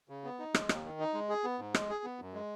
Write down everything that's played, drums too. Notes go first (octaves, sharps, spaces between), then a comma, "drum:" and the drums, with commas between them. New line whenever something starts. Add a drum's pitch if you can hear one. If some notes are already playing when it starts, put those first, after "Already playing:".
C#3
B3
D#4
G#3, drum: rim click
D#2, drum: rim click
D#3
D#4
G#3
G#4
B3
G#2
G#3, drum: rim click
G#4
B3
F#2
G#3